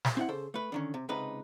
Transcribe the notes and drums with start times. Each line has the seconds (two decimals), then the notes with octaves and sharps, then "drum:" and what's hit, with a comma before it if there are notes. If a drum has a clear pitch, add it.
0.05 drum: snare
0.17 C4 E4 F#5
0.29 C#3 A4 C5
0.54 A3 B4
0.72 D3 D#3 C#4
0.94 C3
1.09 C#2 C3 D#4 B4